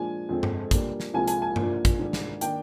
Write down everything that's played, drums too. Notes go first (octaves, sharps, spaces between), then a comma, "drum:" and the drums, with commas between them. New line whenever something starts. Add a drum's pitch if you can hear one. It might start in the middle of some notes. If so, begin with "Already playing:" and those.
Already playing: A#2 F3 G#3 D4 G#5
F2 D3 G#3 C4
drum: tom G2
A#2 G3 A#3 D4, drum: kick, hi-hat
drum: snare
C2 A#2 F3 G#3 C4 G#5
G#5, drum: hi-hat
G#5
A#2 F3 A#3 D4, drum: tom G2
drum: kick, hi-hat
G#2 D#3 A#3 D4
drum: snare
D#3 A#3 D4 G5, drum: hi-hat